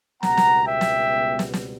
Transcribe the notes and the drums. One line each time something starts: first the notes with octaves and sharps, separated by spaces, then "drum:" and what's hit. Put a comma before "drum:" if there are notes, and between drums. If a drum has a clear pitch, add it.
C#2 B2 G3 B3 F#5 A#5, drum: snare
drum: snare
E5 G5
drum: snare
drum: snare
drum: snare